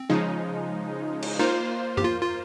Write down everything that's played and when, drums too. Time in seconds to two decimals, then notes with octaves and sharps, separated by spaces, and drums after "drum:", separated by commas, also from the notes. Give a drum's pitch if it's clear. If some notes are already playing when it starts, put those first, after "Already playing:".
Already playing: C4
0.10 C#3 F3 G#3 D#4
1.22 drum: cymbal
1.39 A#3 D#4 F4 C5
1.97 G4, drum: tom F#2
2.04 F4
2.21 F4